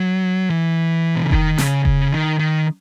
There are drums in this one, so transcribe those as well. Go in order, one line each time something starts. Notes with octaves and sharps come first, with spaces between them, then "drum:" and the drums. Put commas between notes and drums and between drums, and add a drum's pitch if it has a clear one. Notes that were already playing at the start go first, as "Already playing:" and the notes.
Already playing: F#3
E3
B2
C#3
D#3, drum: kick F1
C#3, drum: snare
C#3, drum: kick F1
D#3
D#3